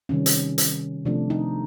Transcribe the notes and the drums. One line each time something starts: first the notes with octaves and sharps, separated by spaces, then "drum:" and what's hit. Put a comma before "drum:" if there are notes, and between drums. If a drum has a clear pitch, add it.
C3 D#3 G3 C#4
drum: hi-hat
drum: hi-hat
C3 F3 A3 D4
D#4